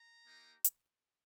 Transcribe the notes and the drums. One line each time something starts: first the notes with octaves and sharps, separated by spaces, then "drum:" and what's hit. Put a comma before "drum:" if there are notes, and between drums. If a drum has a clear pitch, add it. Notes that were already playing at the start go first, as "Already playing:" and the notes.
Already playing: A#5
A#3 D#4 G4
drum: hi-hat